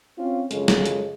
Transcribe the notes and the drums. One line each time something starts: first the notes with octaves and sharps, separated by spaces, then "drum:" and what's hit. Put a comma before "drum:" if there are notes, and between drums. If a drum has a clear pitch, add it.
C4 C#4 F4
F#2 C#3 F3 G#3 A4, drum: hi-hat
drum: snare
drum: hi-hat